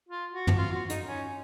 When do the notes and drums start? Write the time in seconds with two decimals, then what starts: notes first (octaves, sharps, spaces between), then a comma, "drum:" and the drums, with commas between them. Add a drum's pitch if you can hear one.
0.09 F4
0.32 F#4
0.47 drum: tom
0.57 F4
0.73 F#4
0.89 D#4, drum: hi-hat
1.06 C#4